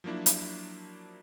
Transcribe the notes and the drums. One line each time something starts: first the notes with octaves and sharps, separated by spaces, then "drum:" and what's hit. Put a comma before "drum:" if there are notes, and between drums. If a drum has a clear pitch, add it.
F3 F#3 A#3 D4 E4
drum: hi-hat